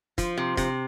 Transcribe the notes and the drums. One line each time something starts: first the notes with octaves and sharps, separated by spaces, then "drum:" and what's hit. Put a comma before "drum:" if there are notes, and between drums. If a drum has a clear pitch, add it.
F3, drum: kick, hi-hat
C3
C3, drum: kick, hi-hat